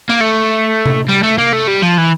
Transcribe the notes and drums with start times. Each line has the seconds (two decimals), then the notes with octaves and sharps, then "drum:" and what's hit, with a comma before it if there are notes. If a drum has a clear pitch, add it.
0.09 A#3
0.21 A3
0.86 drum: tom C3
1.09 G3
1.24 A3
1.38 A#3
1.53 A3
1.68 G3
1.82 F3
1.98 E3